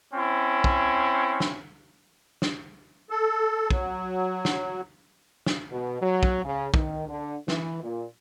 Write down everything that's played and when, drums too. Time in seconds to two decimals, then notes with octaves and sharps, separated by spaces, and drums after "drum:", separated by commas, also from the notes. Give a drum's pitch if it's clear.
0.14 C4 C#4 E4
0.64 drum: kick
1.40 drum: snare
2.42 drum: snare
3.10 A4
3.70 F#3, drum: kick
4.45 drum: snare
5.46 drum: snare
5.72 B2
6.01 F#3
6.23 drum: kick
6.44 C#3
6.74 D#3, drum: kick
7.08 D3
7.48 E3, drum: snare
7.83 A#2